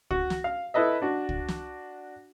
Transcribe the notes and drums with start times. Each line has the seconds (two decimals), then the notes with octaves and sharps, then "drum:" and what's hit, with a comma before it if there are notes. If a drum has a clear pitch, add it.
0.11 F#4, drum: kick
0.30 drum: snare
0.44 F5
0.74 E4 A4 B4 D#5 E5
1.02 D4 F#4
1.29 drum: kick
1.48 drum: snare